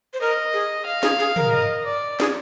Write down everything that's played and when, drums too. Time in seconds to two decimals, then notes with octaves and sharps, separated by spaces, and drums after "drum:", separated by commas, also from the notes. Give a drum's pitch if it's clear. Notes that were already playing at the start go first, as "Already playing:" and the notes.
0.14 C5
0.21 A#4 D#5
0.53 G#4
0.86 F5
1.03 G#4, drum: snare
1.19 G#4
1.36 A#4, drum: tom
1.52 D#5
1.86 D5
2.20 G#4, drum: snare